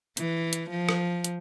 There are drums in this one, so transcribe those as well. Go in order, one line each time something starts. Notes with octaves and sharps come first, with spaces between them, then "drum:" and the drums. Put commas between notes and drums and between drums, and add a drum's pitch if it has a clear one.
E3, drum: hi-hat
drum: hi-hat
F3
drum: rim click
drum: hi-hat